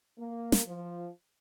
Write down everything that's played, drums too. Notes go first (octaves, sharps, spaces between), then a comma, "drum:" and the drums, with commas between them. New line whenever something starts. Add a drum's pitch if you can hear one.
A#3
drum: snare
F3